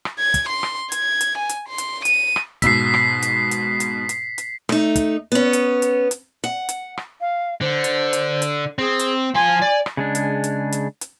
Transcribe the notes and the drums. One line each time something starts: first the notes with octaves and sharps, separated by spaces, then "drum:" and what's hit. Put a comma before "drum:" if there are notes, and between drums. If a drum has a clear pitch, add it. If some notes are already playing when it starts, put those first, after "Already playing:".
drum: rim click
G#6
drum: kick, hi-hat
C6
drum: rim click
G#6, drum: hi-hat
drum: hi-hat
G#5
drum: hi-hat
C6
drum: hi-hat
D#7, drum: hi-hat
drum: rim click
G#2 B2 E6 B6 C7, drum: kick, hi-hat
drum: rim click
drum: hi-hat
drum: hi-hat
drum: hi-hat
drum: hi-hat
drum: hi-hat
A3 D#4, drum: rim click
drum: kick, hi-hat
B3 C#4
drum: hi-hat
drum: hi-hat
drum: hi-hat
F#5
drum: hi-hat
drum: rim click
F5
D3 C5
drum: hi-hat
drum: hi-hat
drum: hi-hat
C4 G#4
drum: hi-hat
F3 G#5 C6
D5
drum: rim click
C#3 G#3 D4
drum: hi-hat
drum: hi-hat
drum: hi-hat
drum: hi-hat